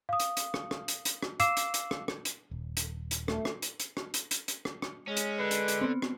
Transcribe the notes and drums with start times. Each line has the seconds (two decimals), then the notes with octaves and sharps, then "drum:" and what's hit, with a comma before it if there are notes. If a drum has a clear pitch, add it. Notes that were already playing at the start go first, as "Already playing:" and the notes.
0.09 F5 D#6
0.20 drum: hi-hat
0.37 drum: hi-hat
0.54 drum: rim click
0.71 drum: rim click
0.88 drum: hi-hat
1.05 drum: hi-hat
1.22 drum: rim click
1.40 F5 D6 E6 C7 E7, drum: hi-hat
1.57 drum: hi-hat
1.74 drum: hi-hat
1.91 drum: rim click
2.08 drum: rim click
2.25 drum: hi-hat
2.51 D#1
2.77 drum: hi-hat
3.11 drum: hi-hat
3.28 A3, drum: rim click
3.45 drum: rim click
3.62 drum: hi-hat
3.80 drum: hi-hat
3.97 drum: rim click
4.14 drum: hi-hat
4.31 drum: hi-hat
4.48 drum: hi-hat
4.65 drum: rim click
4.82 drum: rim click
5.08 G#3 C#4
5.17 drum: hi-hat
5.40 D3 B4
5.51 drum: hi-hat
5.68 drum: hi-hat
5.81 B3 C4
6.02 drum: rim click